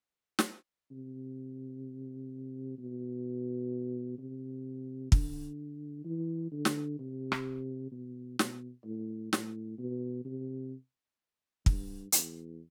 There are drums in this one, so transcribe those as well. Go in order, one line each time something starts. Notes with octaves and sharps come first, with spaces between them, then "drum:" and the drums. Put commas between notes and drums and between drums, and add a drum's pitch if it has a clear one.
drum: snare
C3
B2
C3
D3, drum: kick
E3
D3
drum: snare
C3
drum: rim click
B2
B2, drum: snare
A2
A2, drum: snare
B2
C3
G2, drum: kick
E2, drum: hi-hat